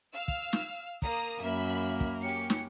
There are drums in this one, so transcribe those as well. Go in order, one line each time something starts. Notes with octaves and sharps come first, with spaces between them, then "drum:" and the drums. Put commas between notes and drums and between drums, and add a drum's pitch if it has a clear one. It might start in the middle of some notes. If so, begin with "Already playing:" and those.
F5 E6 F6
drum: kick
drum: snare
A#3 A#5 D#6, drum: kick
F#2 A#3 E5 B5
drum: kick
C#4 G4 C#7
drum: snare